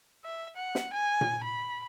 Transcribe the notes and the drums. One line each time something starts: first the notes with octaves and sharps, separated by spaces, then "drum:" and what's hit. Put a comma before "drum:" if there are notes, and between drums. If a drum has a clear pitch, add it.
E5
F#5
drum: snare
G#5
drum: tom A#2
B5